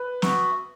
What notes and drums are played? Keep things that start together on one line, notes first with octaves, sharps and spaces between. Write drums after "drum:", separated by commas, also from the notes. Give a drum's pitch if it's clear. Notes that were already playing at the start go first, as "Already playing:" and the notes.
Already playing: B4
B3 F#4 E5, drum: snare